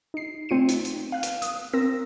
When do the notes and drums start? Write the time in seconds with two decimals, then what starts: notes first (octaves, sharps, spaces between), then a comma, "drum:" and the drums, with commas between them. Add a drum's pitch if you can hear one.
0.14 D#4 C7
0.49 A3 C4 F4 C#7 D#7
0.68 D#4, drum: hi-hat
0.85 drum: hi-hat
1.12 F5 F#6
1.23 drum: hi-hat
1.42 D#6, drum: hi-hat
1.74 C4 A#4 E6 A#6